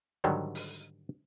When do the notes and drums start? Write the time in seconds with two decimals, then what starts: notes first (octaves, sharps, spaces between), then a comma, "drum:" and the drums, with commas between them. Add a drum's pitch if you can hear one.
0.24 G#2 D3 D#3 F#3 G3
0.55 drum: open hi-hat